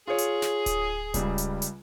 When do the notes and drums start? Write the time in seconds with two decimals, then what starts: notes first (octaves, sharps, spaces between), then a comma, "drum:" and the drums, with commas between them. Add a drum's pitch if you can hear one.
0.08 F4 G#4 C#5
0.18 drum: hi-hat
0.42 drum: snare
0.66 drum: kick D1, hi-hat
1.14 C#2 C#3 G3, drum: kick D1, hi-hat
1.38 drum: hi-hat
1.62 drum: hi-hat